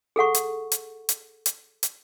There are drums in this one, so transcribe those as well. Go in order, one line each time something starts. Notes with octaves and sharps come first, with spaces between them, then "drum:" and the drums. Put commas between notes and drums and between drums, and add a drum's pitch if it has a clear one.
G#4 A4 F#5 C#6
drum: hi-hat
drum: hi-hat
drum: hi-hat
drum: hi-hat
drum: hi-hat